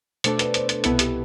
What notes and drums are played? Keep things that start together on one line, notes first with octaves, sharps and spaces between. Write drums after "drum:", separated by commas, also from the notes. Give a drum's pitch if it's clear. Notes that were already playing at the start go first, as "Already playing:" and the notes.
B2 A3 D4 A4 C5 D5, drum: hi-hat
B4, drum: hi-hat
C5, drum: hi-hat
C5, drum: hi-hat
C2 B2 B3 E4 A4 B4, drum: hi-hat
G4, drum: hi-hat